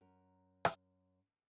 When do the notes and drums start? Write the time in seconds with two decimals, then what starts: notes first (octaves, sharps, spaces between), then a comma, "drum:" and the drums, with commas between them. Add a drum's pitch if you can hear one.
0.01 F#2 A#4
0.65 drum: rim click